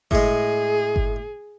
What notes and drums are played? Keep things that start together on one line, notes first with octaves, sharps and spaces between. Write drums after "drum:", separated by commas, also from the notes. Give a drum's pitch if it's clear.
A2 G#3 G#4, drum: kick G1
drum: kick G1